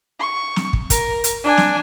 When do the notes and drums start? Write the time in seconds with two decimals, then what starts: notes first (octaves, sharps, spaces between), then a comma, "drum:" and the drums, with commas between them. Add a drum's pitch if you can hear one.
0.20 C#6
0.56 drum: snare
0.73 drum: kick
0.90 A#4, drum: kick, hi-hat
1.24 drum: hi-hat
1.44 D4 G#5
1.57 drum: snare